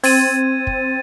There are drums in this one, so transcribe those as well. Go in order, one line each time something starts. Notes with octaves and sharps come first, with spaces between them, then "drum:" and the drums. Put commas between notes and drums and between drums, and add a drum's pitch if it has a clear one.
C4 G#6 A6 D#7, drum: open hi-hat
drum: kick